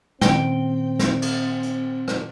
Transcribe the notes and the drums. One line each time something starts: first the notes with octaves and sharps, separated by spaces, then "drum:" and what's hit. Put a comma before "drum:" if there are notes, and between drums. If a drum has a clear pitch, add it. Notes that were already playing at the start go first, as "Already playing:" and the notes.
A#2 D#3 C4 C#4 G5, drum: snare
drum: snare
drum: cymbal
drum: hi-hat
drum: rim click